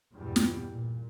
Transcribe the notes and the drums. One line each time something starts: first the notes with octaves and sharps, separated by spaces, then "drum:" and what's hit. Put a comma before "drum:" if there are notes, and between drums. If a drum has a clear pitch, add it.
E2 G2 B2 G3
drum: snare
A#2